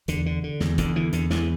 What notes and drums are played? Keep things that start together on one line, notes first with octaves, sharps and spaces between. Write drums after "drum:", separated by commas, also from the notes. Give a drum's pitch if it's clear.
E2 D3, drum: hi-hat
D3
D3
E2, drum: snare
E2 D3, drum: kick, hi-hat
D3 E3
E2 D3, drum: hi-hat
E2 E3, drum: snare